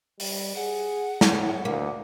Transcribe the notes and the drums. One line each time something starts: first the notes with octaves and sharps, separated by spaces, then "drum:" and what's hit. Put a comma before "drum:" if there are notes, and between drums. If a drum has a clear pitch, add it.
G3, drum: open hi-hat
G#4 F#5
drum: snare
A2
D2 A#3